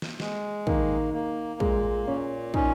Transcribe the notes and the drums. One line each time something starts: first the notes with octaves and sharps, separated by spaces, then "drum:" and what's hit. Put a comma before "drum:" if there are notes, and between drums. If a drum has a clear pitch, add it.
drum: snare
G#3, drum: snare
D#3 A#3, drum: kick
A#3
A#2 G#3, drum: kick
A#2 C#4
C#4 D#4, drum: kick